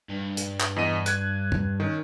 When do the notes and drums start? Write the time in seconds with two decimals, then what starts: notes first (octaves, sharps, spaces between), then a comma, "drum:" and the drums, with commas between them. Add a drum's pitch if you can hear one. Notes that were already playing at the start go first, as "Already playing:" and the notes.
0.09 G2
0.37 drum: hi-hat
0.60 drum: clap
0.76 E2 D#5 D#7
1.06 F#6 G#6, drum: hi-hat
1.52 drum: tom
1.80 D#3 C#4